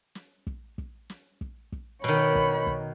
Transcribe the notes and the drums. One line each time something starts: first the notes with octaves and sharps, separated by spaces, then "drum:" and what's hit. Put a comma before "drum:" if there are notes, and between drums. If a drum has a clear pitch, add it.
drum: snare
drum: kick
drum: kick
drum: snare
drum: kick
drum: kick
B2 D#3 C#5 B5, drum: snare
drum: kick
drum: kick